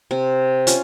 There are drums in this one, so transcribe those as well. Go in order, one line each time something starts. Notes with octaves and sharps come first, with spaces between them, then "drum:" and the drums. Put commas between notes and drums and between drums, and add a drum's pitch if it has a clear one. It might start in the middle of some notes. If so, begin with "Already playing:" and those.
C3
C#4 F4, drum: hi-hat